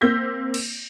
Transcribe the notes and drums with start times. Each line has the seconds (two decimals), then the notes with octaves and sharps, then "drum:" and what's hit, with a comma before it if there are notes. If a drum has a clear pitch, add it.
0.01 A#3 C4 E6 G6 A#6 B6
0.54 drum: cymbal